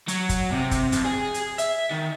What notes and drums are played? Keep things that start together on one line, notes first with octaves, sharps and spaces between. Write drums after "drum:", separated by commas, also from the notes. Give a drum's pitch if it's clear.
F#3, drum: hi-hat
drum: kick, hi-hat
C3
drum: kick, hi-hat
F2, drum: hi-hat
G#4
drum: hi-hat
E5, drum: hi-hat
D#3